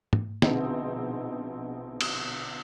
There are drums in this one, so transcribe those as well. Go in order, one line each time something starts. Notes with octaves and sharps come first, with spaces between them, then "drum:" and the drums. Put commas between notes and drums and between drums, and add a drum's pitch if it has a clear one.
drum: tom
A#1 B2 D3 C4 D#4 G#4, drum: snare
drum: cymbal